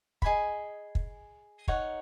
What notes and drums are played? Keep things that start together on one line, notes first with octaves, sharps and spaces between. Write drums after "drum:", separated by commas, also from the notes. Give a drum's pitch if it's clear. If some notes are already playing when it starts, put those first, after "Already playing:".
G#4 D#5 G#5 B5, drum: kick
drum: kick
D#4 A#4 C#5 F#5, drum: kick